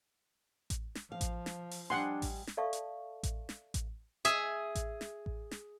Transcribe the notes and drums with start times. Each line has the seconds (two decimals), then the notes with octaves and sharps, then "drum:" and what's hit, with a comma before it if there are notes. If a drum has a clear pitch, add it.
0.70 drum: kick A1, hi-hat
0.95 drum: snare
1.12 F3 F5
1.21 drum: kick A1, hi-hat
1.46 drum: snare
1.71 drum: open hi-hat
1.90 G3 D4 D#5 F#5 G#5 C6
2.22 drum: kick A1, open hi-hat
2.47 drum: snare
2.57 A4 D5 E5 F5 A5 C#6
2.73 drum: hi-hat
3.23 drum: kick A1, hi-hat
3.49 drum: snare
3.74 drum: kick A1, hi-hat
4.25 G#4 E5, drum: hi-hat
4.75 drum: kick A1, hi-hat
5.01 drum: snare
5.26 drum: kick A1
5.51 drum: snare